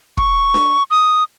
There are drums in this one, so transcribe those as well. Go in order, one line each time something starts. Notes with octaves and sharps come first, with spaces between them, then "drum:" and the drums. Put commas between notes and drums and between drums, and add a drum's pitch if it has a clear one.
C#6, drum: kick
drum: snare D4
D#6